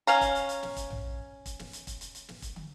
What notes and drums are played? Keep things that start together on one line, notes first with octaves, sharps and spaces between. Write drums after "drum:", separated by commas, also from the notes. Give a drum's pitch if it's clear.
C#4 F5 A#5, drum: hi-hat
drum: kick E1, hi-hat
drum: hi-hat
drum: hi-hat
drum: snare
drum: kick E1, hi-hat
drum: tom A#1
drum: kick E1, hi-hat
drum: snare
drum: hi-hat
drum: kick E1, hi-hat
drum: hi-hat
drum: hi-hat
drum: snare
drum: kick E1, hi-hat
drum: tom